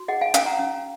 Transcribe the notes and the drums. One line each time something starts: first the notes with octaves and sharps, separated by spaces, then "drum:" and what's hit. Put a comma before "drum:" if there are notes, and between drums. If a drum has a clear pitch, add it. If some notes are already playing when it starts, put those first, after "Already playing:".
Already playing: F#4
G#4 D#5 F#5
F5 G#5
C#4 F5 G#5, drum: hi-hat
F#5 A#5
C#4